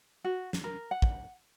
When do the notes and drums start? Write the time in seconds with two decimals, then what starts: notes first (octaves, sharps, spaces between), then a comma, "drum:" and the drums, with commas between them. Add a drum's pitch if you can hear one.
0.24 F#4
0.53 drum: snare
0.64 A#4
0.91 F#5
1.02 drum: kick